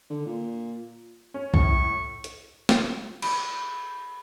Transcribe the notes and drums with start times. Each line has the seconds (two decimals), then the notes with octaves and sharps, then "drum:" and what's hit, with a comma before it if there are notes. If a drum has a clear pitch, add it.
0.10 D3
0.26 A#2
1.34 C#4
1.54 A2 C#6, drum: kick B1
2.24 drum: hi-hat
2.69 drum: snare
3.22 B5, drum: cymbal